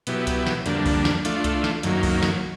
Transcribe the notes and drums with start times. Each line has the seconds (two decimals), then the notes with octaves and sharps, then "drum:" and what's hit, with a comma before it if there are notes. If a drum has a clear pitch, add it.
0.07 B2 F#3 B3 E4 G4, drum: hi-hat
0.27 drum: kick C2, hi-hat
0.46 drum: snare
0.66 F2 D3 G3 A#3 D4, drum: hi-hat
0.86 drum: kick C2, open hi-hat
1.05 drum: snare
1.25 A3 D4 F4, drum: hi-hat
1.44 drum: kick C2, hi-hat
1.64 drum: snare
1.83 F#2 D#3 F#3 A#3, drum: hi-hat
2.03 drum: kick C2, open hi-hat
2.23 drum: snare